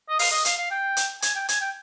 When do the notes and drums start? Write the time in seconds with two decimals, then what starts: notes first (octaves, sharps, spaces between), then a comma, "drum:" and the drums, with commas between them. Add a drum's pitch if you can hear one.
0.09 D#5
0.19 F5, drum: open hi-hat
0.32 D#5
0.45 F5, drum: hi-hat
0.58 F5
0.71 G5
0.97 drum: hi-hat
1.22 G#5, drum: hi-hat
1.35 G5
1.49 G#5, drum: hi-hat
1.61 G5